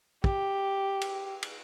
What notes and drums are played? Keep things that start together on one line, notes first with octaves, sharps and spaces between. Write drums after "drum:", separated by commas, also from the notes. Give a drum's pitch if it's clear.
G4, drum: kick
drum: cymbal
drum: cymbal